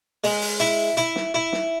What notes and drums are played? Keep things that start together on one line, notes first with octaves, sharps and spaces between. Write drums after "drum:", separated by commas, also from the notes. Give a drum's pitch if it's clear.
G#3, drum: open hi-hat
drum: open hi-hat
E4, drum: hi-hat
E4, drum: hi-hat
drum: snare
E4
drum: snare